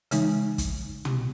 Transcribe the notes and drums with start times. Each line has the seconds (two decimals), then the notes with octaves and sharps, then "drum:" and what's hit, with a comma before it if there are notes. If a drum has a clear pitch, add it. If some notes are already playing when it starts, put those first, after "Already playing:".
0.11 C#3 E3 G#3 D#4, drum: hi-hat
0.58 drum: kick, hi-hat
1.05 drum: tom